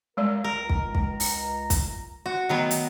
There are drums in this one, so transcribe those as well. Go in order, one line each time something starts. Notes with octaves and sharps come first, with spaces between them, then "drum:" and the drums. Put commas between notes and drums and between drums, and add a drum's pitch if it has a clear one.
G3 G#3 A#4 D5
C#2 A#4 A#5
drum: kick
drum: kick
drum: open hi-hat
drum: kick, hi-hat
F#4
D#3 F#3 A3 B3 D#5
drum: hi-hat